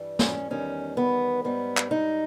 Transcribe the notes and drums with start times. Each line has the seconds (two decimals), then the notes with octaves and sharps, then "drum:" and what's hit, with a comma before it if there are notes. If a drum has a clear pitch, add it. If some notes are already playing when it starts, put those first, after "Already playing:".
Already playing: G2 E3 G3
0.19 C#4, drum: snare
0.50 E2 D#3 G3 C#4
0.97 B3
1.44 G#2 G3 B3
1.77 drum: clap
1.91 D#4